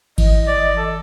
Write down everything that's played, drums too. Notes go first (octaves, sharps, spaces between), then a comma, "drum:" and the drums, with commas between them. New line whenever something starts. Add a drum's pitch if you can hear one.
E3 D#5, drum: kick G#1, cymbal
D5
A4